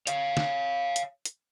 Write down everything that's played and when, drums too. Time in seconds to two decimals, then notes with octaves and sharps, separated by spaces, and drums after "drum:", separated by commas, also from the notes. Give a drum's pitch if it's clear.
0.07 C#5 F5, drum: hi-hat
0.37 drum: snare
0.96 drum: hi-hat
1.25 drum: hi-hat